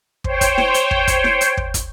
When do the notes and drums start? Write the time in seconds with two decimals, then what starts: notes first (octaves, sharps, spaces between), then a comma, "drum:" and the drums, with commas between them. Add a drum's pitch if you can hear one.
0.24 C5 C#5 G5, drum: kick
0.41 drum: kick, hi-hat
0.58 drum: snare E4
0.74 drum: hi-hat
0.91 drum: kick
1.08 drum: kick, hi-hat
1.24 drum: snare E4
1.41 drum: hi-hat
1.57 drum: kick
1.74 drum: kick, hi-hat